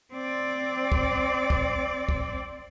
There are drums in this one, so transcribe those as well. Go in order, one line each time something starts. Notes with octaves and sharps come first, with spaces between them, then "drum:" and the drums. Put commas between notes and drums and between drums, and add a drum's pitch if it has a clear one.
C4 D5
drum: kick
drum: kick
drum: kick